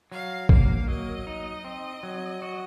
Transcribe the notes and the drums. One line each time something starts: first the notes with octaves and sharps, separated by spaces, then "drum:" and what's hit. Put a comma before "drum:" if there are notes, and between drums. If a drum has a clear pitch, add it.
F#3 F5
A#3 F5, drum: kick
F#3 D#5
D#4
C4
F#3
F#4